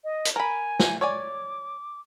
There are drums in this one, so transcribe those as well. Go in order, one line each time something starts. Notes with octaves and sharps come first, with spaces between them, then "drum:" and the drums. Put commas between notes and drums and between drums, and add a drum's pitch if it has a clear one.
D#5
drum: hi-hat
A#4 G#5 B5
drum: snare
C#5 D5 G#5 D6